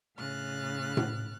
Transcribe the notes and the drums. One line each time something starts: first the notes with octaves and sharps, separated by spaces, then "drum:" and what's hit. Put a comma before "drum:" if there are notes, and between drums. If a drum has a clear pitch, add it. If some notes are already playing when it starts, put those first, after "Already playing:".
A2 C#3 F6 F#6 A6
drum: tom A2